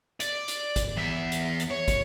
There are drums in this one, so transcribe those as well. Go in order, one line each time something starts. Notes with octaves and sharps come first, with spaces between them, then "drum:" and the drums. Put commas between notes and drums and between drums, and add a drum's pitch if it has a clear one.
D5, drum: hi-hat
drum: hi-hat
drum: kick, hi-hat
E2 E5
drum: hi-hat
drum: hi-hat
C#5
drum: kick, hi-hat